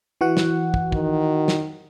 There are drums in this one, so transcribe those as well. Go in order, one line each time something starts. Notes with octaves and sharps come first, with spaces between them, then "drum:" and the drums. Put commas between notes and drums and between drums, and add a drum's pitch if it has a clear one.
E3 F#4 F#5
drum: snare
drum: kick
D#3, drum: kick
drum: snare